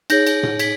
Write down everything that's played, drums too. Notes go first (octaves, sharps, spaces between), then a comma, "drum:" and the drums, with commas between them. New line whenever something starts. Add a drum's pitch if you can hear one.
D#4 G#4 C#5 G6 A#6, drum: cymbal
drum: cymbal
drum: tom A2
G#6 B6, drum: cymbal